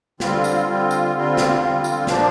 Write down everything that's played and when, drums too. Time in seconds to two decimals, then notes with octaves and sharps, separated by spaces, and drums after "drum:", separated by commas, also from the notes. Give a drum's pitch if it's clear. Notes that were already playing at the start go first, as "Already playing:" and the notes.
0.20 D3 G3 C4 F4, drum: snare
0.44 drum: tambourine
0.68 D3 G3 C4 F4
0.91 drum: tambourine
1.15 D3 G3 C4 F4
1.37 drum: snare
1.60 D3 G3 C4 F4
1.84 drum: tambourine
2.07 A#2 F3 D4, drum: snare